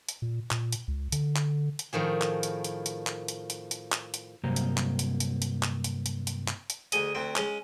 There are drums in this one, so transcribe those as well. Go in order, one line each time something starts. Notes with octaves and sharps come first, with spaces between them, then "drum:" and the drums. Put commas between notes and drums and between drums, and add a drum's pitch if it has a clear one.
drum: hi-hat
A#2
A#2, drum: clap
drum: hi-hat
C#2
D3, drum: hi-hat
drum: clap
drum: hi-hat
A2 D#3 F3 G#4
drum: clap
drum: hi-hat
drum: hi-hat
drum: hi-hat
drum: clap
drum: hi-hat
drum: hi-hat
drum: hi-hat
drum: clap
drum: hi-hat
G2 C3 F#3 A#3 C5 A#5
drum: hi-hat
drum: clap
drum: hi-hat
drum: hi-hat
drum: hi-hat
drum: clap
drum: hi-hat
drum: hi-hat
drum: hi-hat
drum: clap
drum: hi-hat
D2 G#4 D#5, drum: hi-hat
D2 C4
G#3 C#4, drum: clap